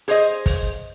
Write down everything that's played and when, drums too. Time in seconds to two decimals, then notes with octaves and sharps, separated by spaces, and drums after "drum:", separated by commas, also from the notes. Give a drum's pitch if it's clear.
0.08 G#4 C5 C#5 D#5, drum: open hi-hat
0.46 drum: kick, open hi-hat